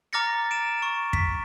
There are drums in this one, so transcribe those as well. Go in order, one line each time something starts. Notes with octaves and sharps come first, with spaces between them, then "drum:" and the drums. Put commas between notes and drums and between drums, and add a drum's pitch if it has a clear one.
A#5 D6 F6 A6 A#6 C#7
D7 E7
C#6
B6, drum: kick